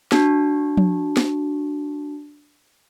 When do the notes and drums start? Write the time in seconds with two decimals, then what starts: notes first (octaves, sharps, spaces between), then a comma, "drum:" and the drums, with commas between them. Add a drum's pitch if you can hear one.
0.12 D4 F#4, drum: snare
0.77 drum: tom F3
1.17 drum: snare